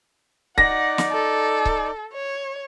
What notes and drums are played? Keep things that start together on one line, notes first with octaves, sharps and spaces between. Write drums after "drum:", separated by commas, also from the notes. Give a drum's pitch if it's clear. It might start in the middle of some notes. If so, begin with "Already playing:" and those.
D#4 D5 F#5 A#6, drum: kick C#1
drum: snare
A4
drum: kick C#1
C#5